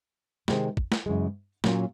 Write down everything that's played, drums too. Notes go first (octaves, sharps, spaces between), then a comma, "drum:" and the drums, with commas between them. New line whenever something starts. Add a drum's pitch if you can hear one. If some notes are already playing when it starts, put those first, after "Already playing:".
C3 D#3 G#3 C4, drum: snare
drum: kick
drum: snare
F#2 C#3 E3 G#3
A#2 F#3 A#3 C#4 F4, drum: snare